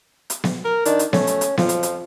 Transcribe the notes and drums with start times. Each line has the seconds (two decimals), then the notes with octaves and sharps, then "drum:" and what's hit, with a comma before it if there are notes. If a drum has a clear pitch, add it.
0.30 drum: hi-hat
0.44 drum: snare B3
0.64 A#4
0.85 D#3 D4, drum: hi-hat
0.99 drum: hi-hat
1.13 A3 C#4, drum: snare B3
1.27 drum: hi-hat
1.41 drum: hi-hat
1.57 F2 F3, drum: snare B3
1.69 drum: hi-hat
1.83 drum: hi-hat